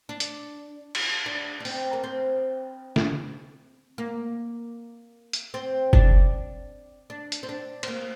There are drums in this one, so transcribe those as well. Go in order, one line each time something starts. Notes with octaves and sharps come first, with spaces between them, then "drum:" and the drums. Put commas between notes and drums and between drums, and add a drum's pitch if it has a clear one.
D4
drum: hi-hat
drum: cymbal
D4
D4
C4, drum: open hi-hat
A#3
C4
drum: snare
A#3
drum: hi-hat
C4
D4, drum: kick F#1
D4
drum: hi-hat
C4
D4
C4, drum: cymbal
A#3